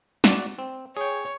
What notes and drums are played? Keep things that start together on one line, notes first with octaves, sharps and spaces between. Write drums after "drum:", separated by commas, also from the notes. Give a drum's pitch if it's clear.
F#4 D5, drum: snare
C4
G#4 C#5 G5